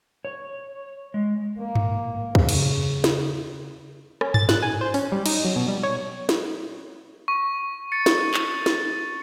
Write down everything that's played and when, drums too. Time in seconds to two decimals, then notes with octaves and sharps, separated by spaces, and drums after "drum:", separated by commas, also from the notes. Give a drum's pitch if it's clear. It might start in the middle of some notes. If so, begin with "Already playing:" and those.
0.25 C#5
1.14 G#3
1.60 A#3
1.75 drum: tom G2
2.35 C#3, drum: kick
2.49 drum: cymbal
3.04 drum: snare
4.21 C#4, drum: rim click
4.34 A6, drum: tom G2
4.49 F#6, drum: snare
4.62 G#5
4.81 C5
4.94 C#4, drum: open hi-hat
5.12 G3
5.26 D#4, drum: cymbal
5.45 F#3
5.56 B2
5.68 G3
5.83 C#5
6.29 drum: snare
7.28 C#6
7.92 A6 C#7
8.06 drum: snare
8.34 drum: clap
8.66 drum: snare